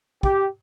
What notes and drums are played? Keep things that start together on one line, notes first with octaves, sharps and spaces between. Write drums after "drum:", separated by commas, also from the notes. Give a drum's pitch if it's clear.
G4, drum: kick